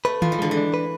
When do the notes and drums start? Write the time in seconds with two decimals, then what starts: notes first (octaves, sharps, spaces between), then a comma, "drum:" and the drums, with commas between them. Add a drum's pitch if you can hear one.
0.05 A3 B4
0.22 F3 F4, drum: tom D#3
0.32 E3
0.39 D3 G#3
0.51 E3
0.57 D4
0.74 B4